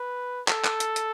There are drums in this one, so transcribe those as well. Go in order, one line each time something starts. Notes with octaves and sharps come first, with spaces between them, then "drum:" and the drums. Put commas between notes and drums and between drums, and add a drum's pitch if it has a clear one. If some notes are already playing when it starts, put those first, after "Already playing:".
Already playing: B4
A4, drum: clap
drum: clap
drum: hi-hat
drum: hi-hat